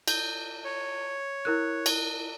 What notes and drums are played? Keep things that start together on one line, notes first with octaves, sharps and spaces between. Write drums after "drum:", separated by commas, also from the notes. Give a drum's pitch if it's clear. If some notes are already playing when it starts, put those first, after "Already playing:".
G6, drum: cymbal
C#5
E4 A#4 F#6
drum: cymbal